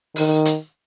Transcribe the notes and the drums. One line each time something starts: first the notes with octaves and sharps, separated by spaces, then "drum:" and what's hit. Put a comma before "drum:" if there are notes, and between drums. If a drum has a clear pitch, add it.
D#3, drum: open hi-hat
drum: hi-hat